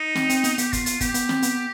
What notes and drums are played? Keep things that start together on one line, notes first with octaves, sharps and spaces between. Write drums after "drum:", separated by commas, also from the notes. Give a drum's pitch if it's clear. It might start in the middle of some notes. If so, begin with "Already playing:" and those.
Already playing: D#4
C4, drum: snare
C4, drum: hi-hat
B3, drum: hi-hat
B3 G4, drum: hi-hat
F4, drum: kick, hi-hat
F4, drum: hi-hat
B3 G4, drum: kick, hi-hat
B3, drum: hi-hat
C4, drum: snare
B3, drum: hi-hat